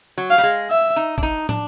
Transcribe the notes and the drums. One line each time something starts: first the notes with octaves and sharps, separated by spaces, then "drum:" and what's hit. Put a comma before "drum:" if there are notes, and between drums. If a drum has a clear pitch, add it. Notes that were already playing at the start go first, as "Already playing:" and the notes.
F#3
F5
G3
G#3
E5
D#4
D4, drum: kick
D#4
D4, drum: tom